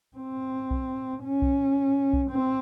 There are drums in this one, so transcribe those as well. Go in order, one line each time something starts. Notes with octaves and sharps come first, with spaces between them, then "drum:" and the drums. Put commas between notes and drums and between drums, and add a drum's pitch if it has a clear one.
C4
drum: kick B1
C#4
drum: kick B1
drum: kick B1
C4